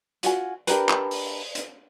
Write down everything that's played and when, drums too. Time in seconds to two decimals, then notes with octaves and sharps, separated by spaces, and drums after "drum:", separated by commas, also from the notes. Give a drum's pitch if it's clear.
0.23 F4 F#4 G#5, drum: hi-hat
0.67 D4 G4 A#4 B4, drum: hi-hat
0.89 drum: clap
1.11 drum: open hi-hat
1.55 drum: hi-hat